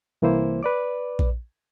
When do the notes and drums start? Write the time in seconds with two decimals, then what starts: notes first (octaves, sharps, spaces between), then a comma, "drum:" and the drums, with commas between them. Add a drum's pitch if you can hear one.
0.22 C2 E3 A#3 E4 C5
0.63 B4 D5 D6
1.19 drum: kick A#1